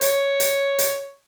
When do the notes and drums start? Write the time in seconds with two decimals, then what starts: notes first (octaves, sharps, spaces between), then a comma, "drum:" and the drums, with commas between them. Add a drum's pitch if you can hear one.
0.01 C#5, drum: hi-hat
0.40 drum: hi-hat
0.79 drum: hi-hat